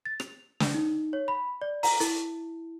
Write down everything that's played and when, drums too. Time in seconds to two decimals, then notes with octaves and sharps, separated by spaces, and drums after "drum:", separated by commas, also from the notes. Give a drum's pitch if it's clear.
0.05 A6
0.20 F7, drum: rim click
0.60 drum: snare
0.74 D#4
1.13 C#5
1.28 B5
1.62 D5
1.83 A#5, drum: open hi-hat
2.00 E4, drum: hi-hat